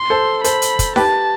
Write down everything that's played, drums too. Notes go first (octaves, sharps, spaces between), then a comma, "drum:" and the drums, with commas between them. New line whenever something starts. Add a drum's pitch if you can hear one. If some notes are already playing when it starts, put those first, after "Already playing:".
Already playing: C6
A4 C5
A4 C5 B5, drum: hi-hat
drum: hi-hat
drum: kick, hi-hat
G4 B4 A5, drum: snare D#4